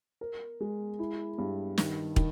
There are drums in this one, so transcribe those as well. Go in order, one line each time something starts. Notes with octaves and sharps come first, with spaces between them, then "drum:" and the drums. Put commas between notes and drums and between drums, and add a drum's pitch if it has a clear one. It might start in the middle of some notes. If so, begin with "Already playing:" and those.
A#4
G#3
E4
G2
D#3, drum: snare
D#3, drum: kick